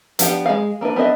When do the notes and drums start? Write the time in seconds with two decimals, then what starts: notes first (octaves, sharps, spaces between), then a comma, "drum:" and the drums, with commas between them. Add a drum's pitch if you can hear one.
0.19 F3 B3 D4 G4 F#5, drum: hi-hat
0.46 G#3 F4 G#4 F5
0.81 A#3 D4 E4 B4
0.96 B3 D4 C5 D#5 E5